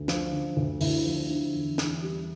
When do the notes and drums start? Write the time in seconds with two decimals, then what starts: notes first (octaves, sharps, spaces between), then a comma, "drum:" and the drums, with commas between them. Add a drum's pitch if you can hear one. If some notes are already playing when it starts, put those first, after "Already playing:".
Already playing: D2
0.08 F3, drum: snare
0.32 D3
0.57 D2
0.81 D2 E4, drum: open hi-hat
1.05 F3
1.30 D3
1.54 E2
1.78 E2, drum: snare
2.02 G3